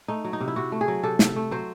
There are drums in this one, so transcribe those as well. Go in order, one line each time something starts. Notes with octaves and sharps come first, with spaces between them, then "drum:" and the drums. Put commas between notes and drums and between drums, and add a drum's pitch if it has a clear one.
A3 D#4
F#3
D#4
C3
E4
C3 F#4
A3
G#4
F#3
C3 A4
C3, drum: snare
A3
F#3 C5